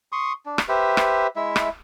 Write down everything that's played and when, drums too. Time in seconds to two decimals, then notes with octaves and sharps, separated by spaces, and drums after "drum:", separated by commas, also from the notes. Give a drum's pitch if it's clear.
0.12 C6 C#6 D#6
0.46 D4
0.58 drum: rim click
0.69 G4 B4 C5 E5
0.97 drum: rim click
1.36 G#3 E4 E5
1.56 drum: rim click